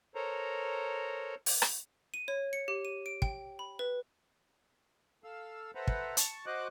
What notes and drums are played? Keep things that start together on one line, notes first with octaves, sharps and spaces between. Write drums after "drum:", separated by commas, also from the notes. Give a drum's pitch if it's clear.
A4 A#4 C5 C#5 A#5
drum: open hi-hat
drum: rim click
D#7
C#5
C#7
G4
D#7
D7
G5, drum: kick
B5
B4
A4 F5 E6
A4 B4 C5 E5 F#5 A#5
drum: kick
A5 C#6, drum: hi-hat
F#4 C5 D#5 D6 F#6